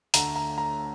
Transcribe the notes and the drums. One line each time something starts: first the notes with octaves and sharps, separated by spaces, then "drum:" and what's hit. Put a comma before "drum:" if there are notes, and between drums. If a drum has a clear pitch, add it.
D2 D3 A3 A#5, drum: hi-hat
A#5
A#5